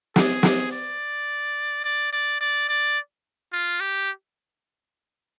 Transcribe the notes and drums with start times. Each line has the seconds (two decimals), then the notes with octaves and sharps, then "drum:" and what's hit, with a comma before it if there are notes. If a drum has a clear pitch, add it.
0.16 G#4, drum: snare
0.43 drum: snare
0.72 D5
1.84 D5
2.13 D5
2.41 D5
2.69 D5
3.53 F4
3.81 G4